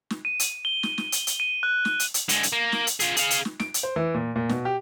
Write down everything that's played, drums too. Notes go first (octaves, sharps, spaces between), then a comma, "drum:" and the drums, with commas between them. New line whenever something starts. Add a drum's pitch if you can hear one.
drum: snare
D#7
drum: hi-hat
G7
drum: snare
drum: snare
drum: hi-hat
drum: hi-hat
D#7
F#6
drum: snare
drum: hi-hat
drum: hi-hat
D3 G#3, drum: hi-hat
drum: hi-hat
A#3
drum: snare
drum: hi-hat
F4 G#4, drum: hi-hat
G#4 F5, drum: hi-hat
drum: hi-hat
drum: snare
D7, drum: snare
drum: hi-hat
C5
E3
A#2
A#2
B2, drum: snare
G4